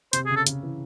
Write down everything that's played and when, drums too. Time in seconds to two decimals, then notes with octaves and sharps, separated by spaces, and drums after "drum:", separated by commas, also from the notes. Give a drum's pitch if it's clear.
0.13 C3 C5, drum: hi-hat
0.26 C#3 G#4
0.36 A4
0.47 C#3, drum: hi-hat
0.63 E3